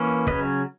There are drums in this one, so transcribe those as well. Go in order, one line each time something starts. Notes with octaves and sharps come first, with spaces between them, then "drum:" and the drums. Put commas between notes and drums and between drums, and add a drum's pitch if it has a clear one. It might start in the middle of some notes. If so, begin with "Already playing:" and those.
Already playing: E3 A#3 C#4
C#3 F#3 C#4 B4 D#5, drum: kick